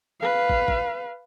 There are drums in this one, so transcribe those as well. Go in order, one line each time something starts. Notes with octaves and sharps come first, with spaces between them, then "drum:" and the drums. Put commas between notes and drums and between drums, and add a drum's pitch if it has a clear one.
B4 F5
drum: kick
drum: kick